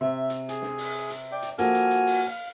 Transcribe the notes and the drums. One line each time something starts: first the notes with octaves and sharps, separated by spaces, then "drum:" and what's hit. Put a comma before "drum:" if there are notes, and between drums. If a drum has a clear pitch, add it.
C3 E5
drum: hi-hat
G#4, drum: hi-hat
drum: snare
drum: open hi-hat
drum: hi-hat
D5 G5
drum: hi-hat
F3 A#3 F#4 A4 G#5 F6, drum: hi-hat
drum: hi-hat
drum: hi-hat
drum: open hi-hat
F5